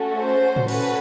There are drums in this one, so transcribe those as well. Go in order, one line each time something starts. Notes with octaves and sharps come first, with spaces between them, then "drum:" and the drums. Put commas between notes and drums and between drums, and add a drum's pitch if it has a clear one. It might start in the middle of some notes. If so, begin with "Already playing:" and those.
Already playing: A3 C#4 F#4 A4
C5
drum: tom A2
C#4 F#4 A4 B4, drum: cymbal